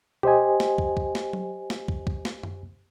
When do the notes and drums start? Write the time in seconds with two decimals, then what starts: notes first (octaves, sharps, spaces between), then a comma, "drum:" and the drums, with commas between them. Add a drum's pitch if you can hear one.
0.23 G4 C5 D#5 G#5, drum: tom B2
0.60 drum: snare
0.78 drum: kick
0.97 drum: kick
1.15 drum: snare
1.33 drum: tom F#3
1.70 drum: snare
1.88 drum: kick
2.07 drum: kick
2.25 drum: snare
2.43 drum: tom F#2